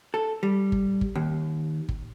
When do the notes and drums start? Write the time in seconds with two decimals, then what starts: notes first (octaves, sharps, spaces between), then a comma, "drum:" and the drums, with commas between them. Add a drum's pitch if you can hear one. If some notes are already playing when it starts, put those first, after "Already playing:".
0.14 A4
0.43 G3
0.72 drum: kick G1
1.01 drum: kick G1
1.15 D#2
1.89 drum: kick G1